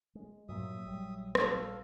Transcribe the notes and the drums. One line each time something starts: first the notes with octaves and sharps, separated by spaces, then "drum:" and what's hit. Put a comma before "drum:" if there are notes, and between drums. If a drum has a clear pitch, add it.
G#3
G2 A#2 F#3 A#3 E5 D#6
A#1 G3
A4 F5, drum: rim click